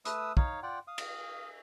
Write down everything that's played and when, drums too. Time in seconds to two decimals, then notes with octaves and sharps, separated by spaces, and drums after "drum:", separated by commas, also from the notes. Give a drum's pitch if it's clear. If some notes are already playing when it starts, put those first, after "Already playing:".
0.05 A3 B4 D#6 E6, drum: hi-hat
0.37 D#4 C#5 F5, drum: kick
0.63 F4 D5 F#5 G5
0.88 F5 D#6
0.98 drum: cymbal